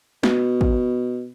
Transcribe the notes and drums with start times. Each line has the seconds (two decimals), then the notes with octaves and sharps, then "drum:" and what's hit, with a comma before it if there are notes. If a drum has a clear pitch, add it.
0.23 B2, drum: snare
0.61 drum: kick